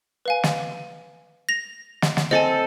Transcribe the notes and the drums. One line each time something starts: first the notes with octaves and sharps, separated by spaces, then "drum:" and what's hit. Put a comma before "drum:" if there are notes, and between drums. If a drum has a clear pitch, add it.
B4 F5 G#5
drum: snare
A#6 F7
drum: snare
drum: snare
C4 A4 D#5 G#5